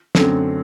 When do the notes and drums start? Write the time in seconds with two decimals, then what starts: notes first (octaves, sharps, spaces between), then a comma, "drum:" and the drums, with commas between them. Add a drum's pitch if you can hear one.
0.15 F#2 D3 F#3 A3 C4, drum: snare